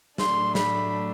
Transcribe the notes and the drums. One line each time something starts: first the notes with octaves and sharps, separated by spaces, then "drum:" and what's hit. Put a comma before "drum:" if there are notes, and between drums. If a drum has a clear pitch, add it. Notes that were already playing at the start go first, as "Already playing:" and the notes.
A2 F#3 A3 D4 C6, drum: snare
B5, drum: snare